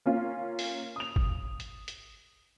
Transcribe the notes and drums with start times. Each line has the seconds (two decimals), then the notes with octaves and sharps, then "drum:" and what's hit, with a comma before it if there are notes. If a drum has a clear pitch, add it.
0.06 A#3 C#4 F4
0.59 drum: open hi-hat
0.96 D#6 F7
1.16 drum: kick G1
1.60 drum: hi-hat
1.88 drum: hi-hat